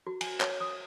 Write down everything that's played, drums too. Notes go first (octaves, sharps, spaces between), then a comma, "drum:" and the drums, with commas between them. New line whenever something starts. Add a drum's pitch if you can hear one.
F#4
G#5, drum: cymbal
C#5, drum: clap
D#6